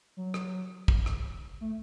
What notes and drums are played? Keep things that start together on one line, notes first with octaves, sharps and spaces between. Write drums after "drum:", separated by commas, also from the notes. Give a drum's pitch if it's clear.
F#3
drum: rim click
drum: kick
drum: rim click
A3